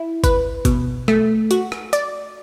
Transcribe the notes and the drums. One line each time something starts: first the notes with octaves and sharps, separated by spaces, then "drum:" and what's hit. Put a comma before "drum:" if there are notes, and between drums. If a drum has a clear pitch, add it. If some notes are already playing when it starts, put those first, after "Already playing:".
Already playing: E4
B4, drum: kick, hi-hat
B2, drum: kick, hi-hat
A3, drum: rim click
F#4, drum: hi-hat
drum: rim click
D5, drum: hi-hat